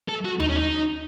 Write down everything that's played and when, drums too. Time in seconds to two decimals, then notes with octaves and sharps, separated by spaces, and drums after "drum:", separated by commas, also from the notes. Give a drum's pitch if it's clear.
0.08 A4
0.25 F#4
0.40 D#4, drum: tom D#2
0.49 C#4
0.56 D#4